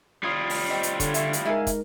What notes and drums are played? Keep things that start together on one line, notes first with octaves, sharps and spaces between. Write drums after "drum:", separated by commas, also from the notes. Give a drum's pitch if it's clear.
G3 F4 D#6 G#6 C7
drum: open hi-hat
C4 G4 D#5
drum: hi-hat
D3 C#5, drum: kick, hi-hat
E4 C#6, drum: hi-hat
drum: hi-hat
G#3 D#4 E4 G#4 A#4 F5
drum: kick, hi-hat